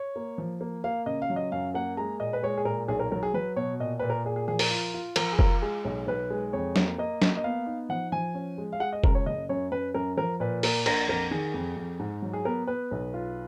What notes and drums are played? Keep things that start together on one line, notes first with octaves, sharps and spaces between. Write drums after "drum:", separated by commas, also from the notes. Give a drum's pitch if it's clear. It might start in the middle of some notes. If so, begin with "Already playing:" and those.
Already playing: C#5
A#3
F3
A#3
A#3 F5
C#3 D#5
F5
F#3
D#5
F#2 F5
A#3 F#5
G#3 A#5
A#2 D#5
B4
G#3 C#5
G#4
A#2 A#4
B1 G#4
A#4
F#3 A#4
G#4
F#3 B4
B2 C#5
A#2 D#5
A#2 B4
A#4
A#2 G#4
G#4
F3 G#4
A#4, drum: open hi-hat
F4
F4
F3 A#4, drum: cymbal
G#4
F4 A#4, drum: kick F1
G#3 G#4
B1
B1 B4
G#3
F2 C#5
A#3, drum: snare
A#3 D#5
A#3, drum: snare
D#5
B3 F5
D#4
F3 F#5
F3 G#5
C#4
G#3
F5
G#3 F#5
D#5
C#2 A#4, drum: kick F1
C#5
F#1 D#5
F#2 C#5
F#2 B4
F#2 A#4
F3 A#4
A#2 B4
A#3 A#4, drum: open hi-hat
A#1 A#4, drum: cymbal
F2 A#4
D#3 G#4
F2
F2
G#2
F#3
G#4
B3 A#4
B3 B4
B1
F4